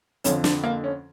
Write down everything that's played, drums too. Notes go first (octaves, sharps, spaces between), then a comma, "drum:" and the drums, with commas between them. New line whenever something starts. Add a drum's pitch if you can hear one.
F2 D3 F3 C#4, drum: hi-hat
D4, drum: snare
A#3
C#4